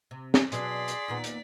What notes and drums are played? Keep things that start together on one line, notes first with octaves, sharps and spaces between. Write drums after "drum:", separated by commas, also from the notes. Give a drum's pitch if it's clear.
C3
drum: snare
B2 F#3 D4 G#4 D5 C6 B6, drum: hi-hat
drum: hi-hat
D#2 A#2 B3
drum: hi-hat